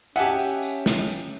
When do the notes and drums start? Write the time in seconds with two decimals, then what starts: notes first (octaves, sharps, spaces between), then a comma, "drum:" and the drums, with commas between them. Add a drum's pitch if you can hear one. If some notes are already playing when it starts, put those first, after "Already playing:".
0.16 C#4 G4 D#5 E5 F#5 G#5 A5, drum: tambourine
0.39 drum: tambourine
0.63 drum: tambourine
0.86 drum: snare
1.09 drum: tambourine